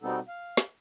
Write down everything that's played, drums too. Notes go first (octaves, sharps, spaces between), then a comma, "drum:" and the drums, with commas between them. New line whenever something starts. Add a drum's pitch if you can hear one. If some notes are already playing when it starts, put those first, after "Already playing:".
B2 G3 B3 C4 D#4 A4
F5
drum: snare